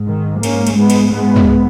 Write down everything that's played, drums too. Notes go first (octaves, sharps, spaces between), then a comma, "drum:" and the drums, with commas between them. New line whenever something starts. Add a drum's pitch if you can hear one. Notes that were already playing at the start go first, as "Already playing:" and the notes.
Already playing: G#2
D#3
A#3 C#4, drum: cymbal
drum: cymbal
G#3 B3
drum: cymbal
G#3 B3
drum: tom